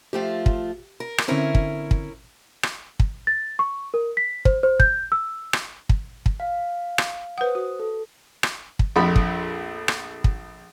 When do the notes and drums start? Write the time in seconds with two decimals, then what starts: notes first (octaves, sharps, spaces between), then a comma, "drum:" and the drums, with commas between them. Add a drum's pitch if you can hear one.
0.13 F3 A3 F4 G4 G5
0.46 drum: kick
1.00 A#4
1.18 drum: rim click
1.28 D3 C4 C#4 E4 A#4
1.55 drum: kick
1.91 drum: kick
2.63 drum: rim click
3.00 drum: kick
3.27 A6
3.59 C#6
3.94 A#4
4.17 B6
4.45 C5, drum: kick
4.63 C5
4.80 G6, drum: kick
5.12 E6
5.53 drum: rim click
5.89 drum: kick
6.26 drum: kick
6.40 F5
6.98 drum: rim click
7.38 B4 C5 F#5 D#6
7.55 F#4
7.80 A4
8.43 drum: rim click
8.79 drum: kick
8.96 A#1 F2 A3 B5
9.16 drum: kick
9.88 drum: rim click
10.24 drum: kick